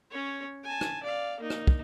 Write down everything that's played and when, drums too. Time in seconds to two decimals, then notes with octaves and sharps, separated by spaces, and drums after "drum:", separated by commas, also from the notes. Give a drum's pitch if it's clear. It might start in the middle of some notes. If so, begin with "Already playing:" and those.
0.11 C#4 C#5
0.64 G#5 A5
0.81 drum: rim click
1.03 D5 F5
1.40 A#3 D#4
1.50 drum: rim click
1.67 drum: kick